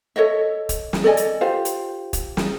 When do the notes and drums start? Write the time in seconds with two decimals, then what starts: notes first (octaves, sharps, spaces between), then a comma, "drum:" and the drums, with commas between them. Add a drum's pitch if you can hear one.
0.16 A4 C#5 D#5 E5
0.69 drum: kick, hi-hat
0.93 drum: snare
1.04 A4 D5 D#5 G#5
1.17 drum: hi-hat
1.41 F4 G4 C5 F5
1.65 drum: hi-hat
2.13 drum: kick, hi-hat
2.37 drum: snare